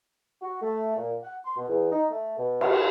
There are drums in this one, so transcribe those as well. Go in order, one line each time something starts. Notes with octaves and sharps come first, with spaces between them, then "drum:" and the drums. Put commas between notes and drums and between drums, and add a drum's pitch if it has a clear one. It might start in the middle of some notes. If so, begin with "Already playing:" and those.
F#4
A3
A#2
F#5
C6
B2
E2
D#4
A3
B2
drum: cymbal